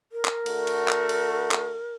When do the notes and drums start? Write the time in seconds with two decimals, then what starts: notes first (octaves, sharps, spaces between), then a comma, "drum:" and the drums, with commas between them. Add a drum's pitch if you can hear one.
0.12 A#4
0.25 drum: clap
0.46 D3 A3 F#4, drum: cymbal
0.67 drum: cymbal
0.88 drum: clap
1.09 drum: cymbal
1.51 drum: clap